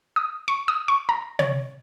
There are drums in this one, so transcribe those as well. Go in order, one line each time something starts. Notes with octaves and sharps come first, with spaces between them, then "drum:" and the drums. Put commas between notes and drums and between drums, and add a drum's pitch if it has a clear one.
D#6
C#6
D#6
C#6
A#5
C#5, drum: tom